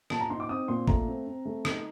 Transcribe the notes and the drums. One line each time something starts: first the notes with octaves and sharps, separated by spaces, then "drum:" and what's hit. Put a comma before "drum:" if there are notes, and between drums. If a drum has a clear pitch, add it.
A#2 A5, drum: rim click
A#5
D#4 C6
D6
C4 D#6
A#2 C6
A3 A#5, drum: kick
C4
C4
A3
D#4, drum: rim click